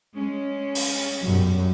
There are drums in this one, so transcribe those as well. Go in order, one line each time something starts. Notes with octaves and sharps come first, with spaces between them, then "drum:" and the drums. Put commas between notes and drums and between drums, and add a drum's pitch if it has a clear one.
G#3 C#4
drum: open hi-hat
B1 F#2 G3